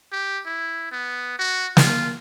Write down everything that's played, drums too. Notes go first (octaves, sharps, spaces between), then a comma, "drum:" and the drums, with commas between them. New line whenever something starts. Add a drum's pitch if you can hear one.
G4
E4
B3
F#4
F4, drum: snare